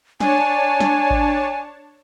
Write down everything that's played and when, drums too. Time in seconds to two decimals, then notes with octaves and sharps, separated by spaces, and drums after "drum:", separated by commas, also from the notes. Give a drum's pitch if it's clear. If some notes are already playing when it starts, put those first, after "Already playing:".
0.20 D4 C#5 G#5 A5, drum: snare
0.80 drum: snare
1.10 drum: kick G#1